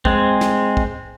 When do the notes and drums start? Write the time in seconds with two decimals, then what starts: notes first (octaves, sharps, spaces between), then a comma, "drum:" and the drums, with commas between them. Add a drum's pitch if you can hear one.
0.05 G#3 C4, drum: kick
0.41 drum: snare
0.77 drum: kick